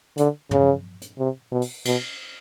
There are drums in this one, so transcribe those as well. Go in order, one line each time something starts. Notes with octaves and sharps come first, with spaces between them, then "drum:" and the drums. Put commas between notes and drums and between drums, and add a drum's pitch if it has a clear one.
D3, drum: hi-hat
C#3, drum: tom
drum: hi-hat
C3
B2
drum: open hi-hat
B2, drum: cymbal